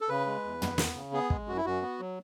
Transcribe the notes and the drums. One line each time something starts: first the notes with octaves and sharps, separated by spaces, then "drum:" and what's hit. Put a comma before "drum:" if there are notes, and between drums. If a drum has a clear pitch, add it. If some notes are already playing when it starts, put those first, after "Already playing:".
A4
C#3 B4
G#3
E2
B3, drum: tom
B3, drum: snare
C#3
B3 G#4
G#3, drum: kick
F#2 F#4
E4
F#2 F#4
B3
F#3